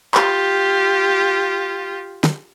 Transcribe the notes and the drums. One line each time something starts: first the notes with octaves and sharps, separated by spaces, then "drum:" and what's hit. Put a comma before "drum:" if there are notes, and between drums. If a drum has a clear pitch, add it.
F4 G4, drum: clap B5
drum: snare